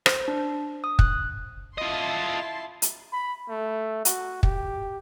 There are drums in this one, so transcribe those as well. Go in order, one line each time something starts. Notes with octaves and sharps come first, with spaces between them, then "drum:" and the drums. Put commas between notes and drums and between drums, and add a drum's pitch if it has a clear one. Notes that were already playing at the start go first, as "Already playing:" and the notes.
C5, drum: rim click
D4
D#6
F#6, drum: kick
E4 F4 D#5 A5 C6
drum: hi-hat
B5
A3
F#4, drum: hi-hat
G4, drum: kick